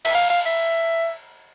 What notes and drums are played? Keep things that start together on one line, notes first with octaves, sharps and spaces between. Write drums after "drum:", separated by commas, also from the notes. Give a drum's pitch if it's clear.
E5, drum: cymbal
F5
F5
E5